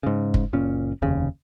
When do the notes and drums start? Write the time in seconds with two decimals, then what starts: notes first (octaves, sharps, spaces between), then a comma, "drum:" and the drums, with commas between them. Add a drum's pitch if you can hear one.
0.03 G#2 C#3
0.34 drum: kick
0.53 F#1 A#2 C#4
1.02 F1 D#2 C#3